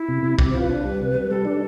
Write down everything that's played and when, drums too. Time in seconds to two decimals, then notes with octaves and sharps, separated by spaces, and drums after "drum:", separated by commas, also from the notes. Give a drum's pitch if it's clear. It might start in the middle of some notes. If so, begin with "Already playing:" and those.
Already playing: E4
0.09 C3
0.23 C3
0.39 C3 G4, drum: kick
0.50 C5
0.55 F4
0.60 B4
0.69 D4
0.85 G3
1.00 C3
1.14 G3
1.30 G3 A4
1.45 D4